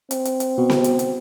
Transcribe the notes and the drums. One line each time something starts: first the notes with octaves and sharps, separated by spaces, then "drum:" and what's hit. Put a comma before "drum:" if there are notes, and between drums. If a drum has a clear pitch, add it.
C4, drum: hi-hat
drum: hi-hat
drum: hi-hat
B2
drum: snare C4
drum: hi-hat
drum: hi-hat